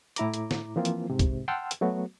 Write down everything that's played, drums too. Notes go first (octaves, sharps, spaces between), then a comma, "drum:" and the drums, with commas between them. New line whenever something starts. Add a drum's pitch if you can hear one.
A2 E4 A#5 D6, drum: hi-hat
drum: hi-hat
drum: snare
E3 F3 A#3 C4 F4
drum: hi-hat
G#2 C3
drum: kick B1, hi-hat
F#5 G5 A5 C6 E6 F6
drum: hi-hat
F#3 A3 B3 F#4